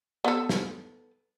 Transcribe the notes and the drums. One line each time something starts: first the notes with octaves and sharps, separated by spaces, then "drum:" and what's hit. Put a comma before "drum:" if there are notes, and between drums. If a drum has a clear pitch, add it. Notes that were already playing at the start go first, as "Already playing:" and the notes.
B3 A4
drum: snare